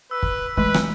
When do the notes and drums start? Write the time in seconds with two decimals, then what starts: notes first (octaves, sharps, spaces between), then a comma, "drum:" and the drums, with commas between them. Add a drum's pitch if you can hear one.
0.11 B4 E6
0.23 drum: kick
0.57 E3 G#3 A3 B4, drum: kick
0.74 drum: rim click